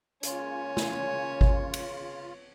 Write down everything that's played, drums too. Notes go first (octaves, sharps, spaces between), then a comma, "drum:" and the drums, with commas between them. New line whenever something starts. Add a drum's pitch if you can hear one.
C#3 G#3 A#3 C#4 F4 C#5 G#5, drum: hi-hat
drum: snare
drum: kick G#1
drum: cymbal